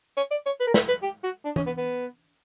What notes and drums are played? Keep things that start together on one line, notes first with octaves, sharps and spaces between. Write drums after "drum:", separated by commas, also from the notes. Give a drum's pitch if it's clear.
C#5
D5
C#5
B4
A#4
B4, drum: snare
B4
G4
F#4
D4
C#4, drum: tom E3
B3
B3